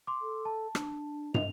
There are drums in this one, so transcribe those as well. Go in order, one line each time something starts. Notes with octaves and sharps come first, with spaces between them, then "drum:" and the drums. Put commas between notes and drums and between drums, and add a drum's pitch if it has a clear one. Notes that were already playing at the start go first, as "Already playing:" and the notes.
C6 D6
A4
A5
D4, drum: rim click
D#5 F7, drum: tom